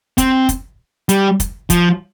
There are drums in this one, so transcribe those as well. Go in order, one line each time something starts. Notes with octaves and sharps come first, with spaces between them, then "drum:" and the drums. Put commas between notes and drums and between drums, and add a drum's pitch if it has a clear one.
C4, drum: kick, hi-hat
drum: kick, hi-hat
G3, drum: hi-hat
drum: kick, hi-hat
F3, drum: kick, hi-hat